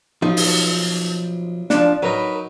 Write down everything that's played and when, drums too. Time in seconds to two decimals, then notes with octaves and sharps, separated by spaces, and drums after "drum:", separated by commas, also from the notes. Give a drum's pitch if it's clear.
0.22 B1 F3 D#4
0.37 drum: open hi-hat
1.70 F3 D4, drum: snare
2.03 F#3 D#4 A#4 B4